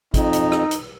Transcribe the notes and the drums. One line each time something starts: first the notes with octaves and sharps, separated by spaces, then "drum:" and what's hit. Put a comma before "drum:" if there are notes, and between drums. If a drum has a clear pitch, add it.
F2 D#4, drum: kick, hi-hat
drum: hi-hat
drum: rim click
drum: hi-hat